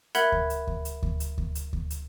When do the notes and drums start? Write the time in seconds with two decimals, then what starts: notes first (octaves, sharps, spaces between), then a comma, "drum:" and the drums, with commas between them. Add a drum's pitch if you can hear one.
0.15 A#4 E5 F#5 B5 F#6 G#6, drum: hi-hat
0.32 drum: kick D2
0.50 drum: hi-hat
0.67 drum: kick D2
0.85 drum: hi-hat
1.03 drum: kick D2
1.20 drum: hi-hat
1.38 drum: kick D2
1.55 drum: hi-hat
1.73 drum: kick D2
1.90 drum: hi-hat